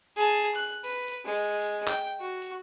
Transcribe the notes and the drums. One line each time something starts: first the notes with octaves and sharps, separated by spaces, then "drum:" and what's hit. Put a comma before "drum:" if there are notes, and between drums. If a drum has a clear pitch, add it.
G#4 A5
F#6, drum: tambourine
B4, drum: tambourine
drum: tambourine
G#3
drum: tambourine
drum: tambourine
G5, drum: clap
F#4
drum: tambourine